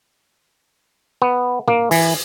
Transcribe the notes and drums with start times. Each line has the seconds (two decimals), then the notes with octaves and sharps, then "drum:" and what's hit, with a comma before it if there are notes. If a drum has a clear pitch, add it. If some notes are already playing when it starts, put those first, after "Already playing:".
1.22 B3
1.68 A#3, drum: tom
1.91 E3, drum: open hi-hat